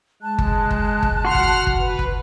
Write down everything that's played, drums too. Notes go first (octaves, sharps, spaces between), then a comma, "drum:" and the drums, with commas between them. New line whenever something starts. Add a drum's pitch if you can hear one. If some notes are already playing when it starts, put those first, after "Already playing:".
G#3 A5 F#6
drum: kick G1
drum: kick G1
drum: kick G1
F#4 F#5 C6 F6
drum: kick G1
drum: kick G1
B4
drum: kick G1